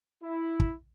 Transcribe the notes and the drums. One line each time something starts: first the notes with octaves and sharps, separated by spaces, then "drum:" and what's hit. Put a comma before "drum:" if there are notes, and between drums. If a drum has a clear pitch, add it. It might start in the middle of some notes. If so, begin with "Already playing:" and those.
E4
drum: kick